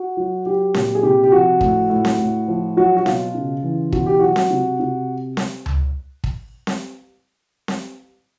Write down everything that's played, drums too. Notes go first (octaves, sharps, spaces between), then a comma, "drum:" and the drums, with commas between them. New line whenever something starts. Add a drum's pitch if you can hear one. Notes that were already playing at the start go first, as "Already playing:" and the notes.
Already playing: F#4
F#3
F#3 G4
A#2, drum: snare C4
G#4
C3 G4
G4
F3 F#4
A2, drum: kick
A2
drum: snare C4
A2
F3
F#3 F#4
F#4
B2 F4, drum: snare C4
C#3
E3
B2 F#4, drum: kick
G4
F#3 F#4
drum: snare C4
C3
C3
drum: snare C4
drum: tom C#2
drum: kick
drum: snare C4
drum: snare C4